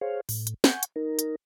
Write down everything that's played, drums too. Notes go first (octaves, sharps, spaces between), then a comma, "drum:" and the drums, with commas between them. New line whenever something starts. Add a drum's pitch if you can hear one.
G#4 C5 C#5 F5
A2, drum: open hi-hat
drum: hi-hat
F#5 G#5 C#6 G6, drum: snare
drum: hi-hat
D#4 A#4
drum: hi-hat